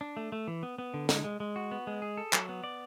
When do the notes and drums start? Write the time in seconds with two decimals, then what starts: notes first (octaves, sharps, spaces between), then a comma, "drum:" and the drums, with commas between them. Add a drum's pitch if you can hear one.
0.01 D4
0.17 A3
0.32 A3
0.48 E3
0.63 B3
0.78 B3
0.94 D3
1.09 G#3, drum: snare
1.24 G#3
1.40 G#3
1.56 F#4
1.71 B3
1.87 G#3
2.02 G#4
2.17 A4
2.33 F#3, drum: clap
2.49 B3
2.64 D5